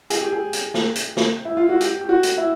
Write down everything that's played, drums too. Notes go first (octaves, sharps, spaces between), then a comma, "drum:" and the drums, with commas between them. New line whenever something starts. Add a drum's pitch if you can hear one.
G#4, drum: hi-hat
G4
G#4
drum: hi-hat
drum: snare
drum: hi-hat
drum: snare
E4
F4
F#4
G4, drum: hi-hat
G4
F#4
drum: hi-hat
E4